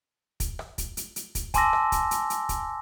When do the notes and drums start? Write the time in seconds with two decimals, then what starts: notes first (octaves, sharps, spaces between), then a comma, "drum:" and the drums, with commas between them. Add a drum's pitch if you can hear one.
0.40 drum: kick, hi-hat
0.59 drum: rim click
0.78 drum: kick, hi-hat
0.97 drum: hi-hat
1.16 drum: hi-hat
1.35 drum: kick, hi-hat
1.54 G#5 A5 C6 D6 E6 A#6, drum: kick, hi-hat
1.73 drum: rim click
1.92 drum: kick, hi-hat
2.11 drum: hi-hat
2.30 drum: hi-hat
2.49 drum: kick, hi-hat